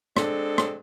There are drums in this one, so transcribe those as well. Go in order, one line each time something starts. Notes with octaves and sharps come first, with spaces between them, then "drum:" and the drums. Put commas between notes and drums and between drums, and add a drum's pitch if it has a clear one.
G#3 C4 D4 A4, drum: rim click
drum: rim click